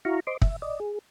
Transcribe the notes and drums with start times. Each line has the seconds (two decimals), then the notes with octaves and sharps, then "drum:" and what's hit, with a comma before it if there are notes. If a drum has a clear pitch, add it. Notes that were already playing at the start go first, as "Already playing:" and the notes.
0.05 E4 F#4 F5 A#5 C#6
0.27 C5 D#5 C6 D6
0.42 E5, drum: kick
0.62 D5 D#5
0.80 G#4